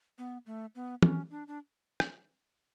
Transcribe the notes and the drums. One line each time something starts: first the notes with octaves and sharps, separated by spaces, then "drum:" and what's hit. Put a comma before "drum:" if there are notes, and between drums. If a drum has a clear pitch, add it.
B3
A3
B3
C#4, drum: tom
D4
D4
drum: rim click